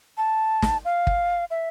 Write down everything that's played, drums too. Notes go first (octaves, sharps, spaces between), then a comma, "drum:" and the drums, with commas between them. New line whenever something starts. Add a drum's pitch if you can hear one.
A5
drum: snare
F5
drum: kick
E5